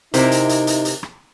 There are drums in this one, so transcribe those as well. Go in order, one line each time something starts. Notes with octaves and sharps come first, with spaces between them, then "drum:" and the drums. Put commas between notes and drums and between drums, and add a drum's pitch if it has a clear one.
C3 D#4 E4 A#4 C5 G#5, drum: hi-hat
drum: hi-hat
drum: hi-hat
drum: hi-hat
drum: hi-hat
drum: rim click